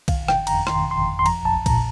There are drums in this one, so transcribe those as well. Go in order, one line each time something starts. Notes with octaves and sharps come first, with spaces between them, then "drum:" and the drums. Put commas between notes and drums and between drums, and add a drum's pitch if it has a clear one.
D#3 F5, drum: kick, cymbal
G1
G5, drum: rim click
G1
A#5, drum: cymbal
F2
D#3 C6, drum: rim click
G1
C6
G1
F2
C6
F3 A#5, drum: cymbal
A#1 A5
A#1
A#2 A#5, drum: kick, cymbal